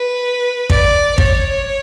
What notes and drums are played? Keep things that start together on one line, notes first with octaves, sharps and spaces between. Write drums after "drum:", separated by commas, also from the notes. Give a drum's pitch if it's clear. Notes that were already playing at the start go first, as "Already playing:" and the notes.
Already playing: B4
D5, drum: kick
C#5, drum: kick